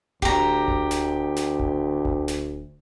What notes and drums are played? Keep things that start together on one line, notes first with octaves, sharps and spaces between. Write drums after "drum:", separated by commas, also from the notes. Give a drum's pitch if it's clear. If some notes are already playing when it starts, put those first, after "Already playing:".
D2 G4 A#5, drum: kick D1
drum: kick D1
drum: snare
drum: snare
drum: kick D1
drum: kick D1
drum: snare